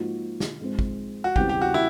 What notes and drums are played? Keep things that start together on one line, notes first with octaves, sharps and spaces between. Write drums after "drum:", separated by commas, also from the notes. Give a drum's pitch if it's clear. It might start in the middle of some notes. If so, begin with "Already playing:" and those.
Already playing: G#2 F3 A#3 D#4 F#4
drum: snare
G#2 F3 G#3 C4
drum: kick
F#4
E2 C#3 E3 G3 C4 G4, drum: kick
G4
F#4
E4